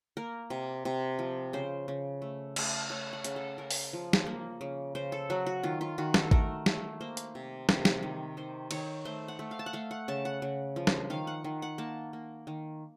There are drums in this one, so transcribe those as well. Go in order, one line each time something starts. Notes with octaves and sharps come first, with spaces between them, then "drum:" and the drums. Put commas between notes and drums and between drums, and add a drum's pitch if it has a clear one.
A#3 A#4
C3
C3
F3
C#3 C5
C#3
A3
A3, drum: cymbal
A3 C#5
F#5
C#3, drum: hi-hat
A4
C#3 A#4
drum: open hi-hat
F3
drum: snare
A#3
C#3
C#3 C5
A4
F#3 F#4
F#4
D#3 F4
F4
D#3 F#4
A4, drum: snare
A3 A#4, drum: kick G#1
A3, drum: snare
A#3 C5
drum: hi-hat
C3
C3, drum: snare
drum: snare
D#3
D#3 C5
D#3 C#5, drum: cymbal
A3 C5
F#5
A3
F5
A5
F#5
A3 F5
F#5
C#3 A5
F#5
C#3
F3
drum: snare
D#3 F5
F#5
D#3
F#5
A#3 A5
A#3
D#3